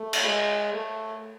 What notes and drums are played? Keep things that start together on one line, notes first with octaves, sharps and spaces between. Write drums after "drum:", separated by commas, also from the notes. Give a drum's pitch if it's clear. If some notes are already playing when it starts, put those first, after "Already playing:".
Already playing: A3
drum: cymbal
G#3
A3